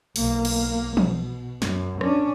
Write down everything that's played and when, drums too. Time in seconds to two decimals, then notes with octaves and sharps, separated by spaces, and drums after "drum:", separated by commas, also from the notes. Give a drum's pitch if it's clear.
0.16 B1 A#3, drum: open hi-hat
0.45 drum: cymbal
0.97 B2, drum: tom E3
1.62 F#2, drum: snare
2.01 C#4 D4, drum: rim click